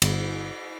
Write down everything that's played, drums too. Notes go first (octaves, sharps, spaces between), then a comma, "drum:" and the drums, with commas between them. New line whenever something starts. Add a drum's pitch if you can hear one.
G1, drum: cymbal